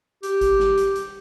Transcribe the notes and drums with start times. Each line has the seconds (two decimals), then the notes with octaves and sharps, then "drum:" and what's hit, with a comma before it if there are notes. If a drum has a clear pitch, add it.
0.23 G4, drum: hi-hat
0.41 drum: kick G#1, hi-hat
0.59 drum: snare
0.77 drum: hi-hat
0.96 drum: hi-hat